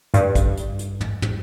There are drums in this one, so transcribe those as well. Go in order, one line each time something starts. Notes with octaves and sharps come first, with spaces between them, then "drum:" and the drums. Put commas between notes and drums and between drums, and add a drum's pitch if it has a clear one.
G2, drum: hi-hat
drum: kick, hi-hat
drum: hi-hat
drum: hi-hat
drum: tom
drum: tom